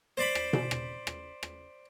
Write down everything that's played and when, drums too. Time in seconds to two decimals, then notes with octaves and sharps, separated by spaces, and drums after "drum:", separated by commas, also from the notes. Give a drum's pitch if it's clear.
0.17 C5 D5 B5
0.35 drum: rim click
0.53 drum: tom B2
0.71 drum: rim click
1.07 drum: rim click
1.43 drum: rim click